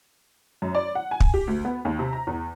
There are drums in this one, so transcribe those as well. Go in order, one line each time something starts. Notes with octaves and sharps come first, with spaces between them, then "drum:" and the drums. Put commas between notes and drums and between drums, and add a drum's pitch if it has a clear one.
F#2
D5
F#5
G#5
drum: kick
G4
D2
B3
D#2
C3
A#5
E2